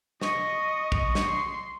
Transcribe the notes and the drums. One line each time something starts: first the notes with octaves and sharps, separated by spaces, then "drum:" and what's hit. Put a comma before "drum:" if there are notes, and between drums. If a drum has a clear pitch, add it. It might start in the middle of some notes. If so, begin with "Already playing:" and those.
D#5 C#6, drum: snare
drum: kick A#1
drum: snare
C6